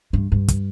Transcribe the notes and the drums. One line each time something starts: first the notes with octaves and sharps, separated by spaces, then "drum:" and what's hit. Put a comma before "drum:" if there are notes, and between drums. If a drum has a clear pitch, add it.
G2
G2
drum: kick, hi-hat